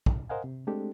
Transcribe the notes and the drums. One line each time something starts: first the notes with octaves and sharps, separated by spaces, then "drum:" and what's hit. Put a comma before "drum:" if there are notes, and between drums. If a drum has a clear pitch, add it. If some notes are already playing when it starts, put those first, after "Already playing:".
C2, drum: kick
A#4 C5 D#5 F5 F#5 G#5
C3
G#3 A3 C4 D4 G4 A4